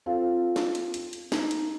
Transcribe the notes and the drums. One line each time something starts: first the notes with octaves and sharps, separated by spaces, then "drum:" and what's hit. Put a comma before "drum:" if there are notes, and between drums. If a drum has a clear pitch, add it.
C4 F4 A4
drum: snare
drum: hi-hat
drum: hi-hat
drum: hi-hat
D#4, drum: snare
drum: hi-hat